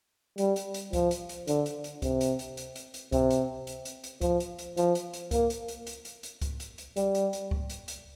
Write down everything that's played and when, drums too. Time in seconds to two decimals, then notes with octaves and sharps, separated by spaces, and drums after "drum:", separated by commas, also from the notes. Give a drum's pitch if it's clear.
0.38 G3, drum: hi-hat
0.56 drum: hi-hat
0.74 drum: hi-hat
0.93 F3, drum: kick C#2, hi-hat
1.11 drum: hi-hat
1.29 drum: hi-hat
1.47 D3, drum: hi-hat
1.66 drum: hi-hat
1.84 drum: hi-hat
2.02 C3, drum: kick C#2, hi-hat
2.21 drum: hi-hat
2.39 drum: hi-hat
2.57 drum: hi-hat
2.76 drum: hi-hat
2.94 drum: hi-hat
3.12 C3, drum: kick C#2, hi-hat
3.30 drum: hi-hat
3.67 drum: hi-hat
3.85 drum: hi-hat
4.04 drum: hi-hat
4.21 F3, drum: kick C#2, hi-hat
4.40 drum: hi-hat
4.59 drum: hi-hat
4.77 F3, drum: hi-hat
4.95 drum: hi-hat
5.13 drum: hi-hat
5.31 A#3, drum: kick C#2, hi-hat
5.50 drum: hi-hat
5.68 drum: hi-hat
5.87 drum: hi-hat
6.05 drum: hi-hat
6.23 drum: hi-hat
6.42 drum: kick C#2, hi-hat
6.60 drum: hi-hat
6.78 drum: hi-hat
6.96 G3, drum: hi-hat
7.15 drum: hi-hat
7.33 drum: hi-hat
7.51 drum: kick C#2
7.70 drum: hi-hat
7.88 drum: hi-hat